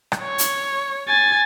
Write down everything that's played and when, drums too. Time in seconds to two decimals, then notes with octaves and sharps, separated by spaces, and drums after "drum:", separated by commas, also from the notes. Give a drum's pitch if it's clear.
0.12 drum: rim click
0.22 C#5
0.38 drum: hi-hat
1.08 G#5 A6